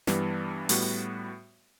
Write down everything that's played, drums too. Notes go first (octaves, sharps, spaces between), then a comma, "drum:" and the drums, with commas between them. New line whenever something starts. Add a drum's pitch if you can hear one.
G2 E3 G3 B3, drum: snare
A2 G3 B3 F#4, drum: open hi-hat